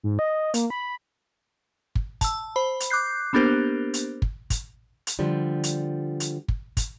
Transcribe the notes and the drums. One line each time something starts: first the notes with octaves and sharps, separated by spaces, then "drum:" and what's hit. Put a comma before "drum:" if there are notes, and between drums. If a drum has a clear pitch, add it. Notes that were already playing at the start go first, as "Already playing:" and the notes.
G#2
D#5
A#3, drum: hi-hat
B5
drum: kick
A5 E6, drum: kick, hi-hat
C5 B5
drum: hi-hat
D6 F#6 G6 C7
A#3 B3 D4 G4 A#4 C5
drum: hi-hat
drum: kick
drum: kick, hi-hat
drum: hi-hat
D3 F3 G3
drum: hi-hat
drum: hi-hat
drum: kick
drum: kick, hi-hat